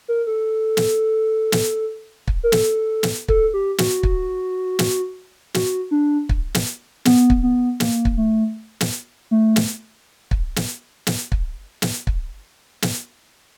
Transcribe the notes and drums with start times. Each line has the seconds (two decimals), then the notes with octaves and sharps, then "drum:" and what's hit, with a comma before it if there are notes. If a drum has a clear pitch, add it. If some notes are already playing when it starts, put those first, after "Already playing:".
0.08 A#4
0.27 A4
0.77 drum: snare
1.52 drum: snare
2.28 drum: kick
2.43 A#4
2.52 A4, drum: snare
3.03 drum: snare
3.28 A4, drum: kick
3.54 G4
3.78 F#4, drum: snare
4.03 drum: kick
4.79 drum: snare
5.54 F#4, drum: snare
5.91 D4
6.29 drum: kick
6.55 drum: snare
7.05 B3, drum: snare
7.30 drum: kick
7.43 B3
7.80 A#3, drum: snare
8.05 drum: kick
8.17 A3
8.81 drum: snare
9.31 A3
9.56 drum: snare
10.31 drum: kick
10.56 drum: snare
11.07 drum: snare
11.32 drum: kick
11.82 drum: snare
12.07 drum: kick
12.82 drum: snare